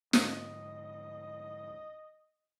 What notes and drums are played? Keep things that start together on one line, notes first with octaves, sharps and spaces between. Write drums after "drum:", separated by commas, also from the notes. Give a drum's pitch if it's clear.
D2 G#2 D3 D#5, drum: snare